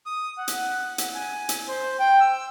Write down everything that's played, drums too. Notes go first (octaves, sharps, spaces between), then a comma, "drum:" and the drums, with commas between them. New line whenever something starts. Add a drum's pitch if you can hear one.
D#6
F#5
drum: hi-hat
drum: hi-hat
G#5
drum: hi-hat
C5
G5
E6